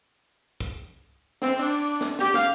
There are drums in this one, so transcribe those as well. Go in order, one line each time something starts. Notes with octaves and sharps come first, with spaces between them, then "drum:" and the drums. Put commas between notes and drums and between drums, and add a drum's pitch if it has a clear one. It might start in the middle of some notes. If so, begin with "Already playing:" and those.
drum: kick
C4, drum: snare
D4, drum: cymbal
drum: snare
G4, drum: snare
F5, drum: snare